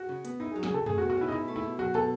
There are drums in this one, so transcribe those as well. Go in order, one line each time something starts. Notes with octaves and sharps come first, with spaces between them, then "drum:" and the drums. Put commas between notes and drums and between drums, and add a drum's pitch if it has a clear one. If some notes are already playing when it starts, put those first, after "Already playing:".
Already playing: F#4
C#3
B3, drum: hi-hat
D#4 E4
G#4
F#3
G#4, drum: snare
C#3 A4
A3 G#4, drum: tom F2
F#4
B2
F#4
C#4 E4
D#4
B2 E4
A3
E4
B2
F#3 F#4
B2 A4